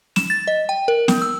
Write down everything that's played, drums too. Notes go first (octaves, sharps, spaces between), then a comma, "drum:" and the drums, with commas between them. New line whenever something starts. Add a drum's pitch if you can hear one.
E7, drum: snare
A6
D#5
G5
A#4
B3, drum: snare
E6